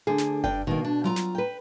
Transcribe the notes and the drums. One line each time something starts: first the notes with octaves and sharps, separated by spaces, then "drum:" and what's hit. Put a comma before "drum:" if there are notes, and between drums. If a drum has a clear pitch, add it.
D2 D3 G#4
drum: snare
G2 D4 G5, drum: kick F#1
B2 D#3 A#3
D4
F#3 F4 A#5
drum: snare
B4 G5